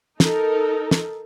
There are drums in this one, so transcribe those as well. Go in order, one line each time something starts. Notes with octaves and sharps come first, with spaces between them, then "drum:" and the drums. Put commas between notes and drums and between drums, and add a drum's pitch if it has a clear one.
D#4 A4 A#4, drum: snare
drum: snare